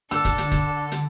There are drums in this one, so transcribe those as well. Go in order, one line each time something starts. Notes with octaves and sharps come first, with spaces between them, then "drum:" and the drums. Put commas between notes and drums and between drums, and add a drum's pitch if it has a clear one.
D3 D4 A4 E6, drum: hi-hat
drum: kick, hi-hat
drum: hi-hat
drum: kick, hi-hat
drum: hi-hat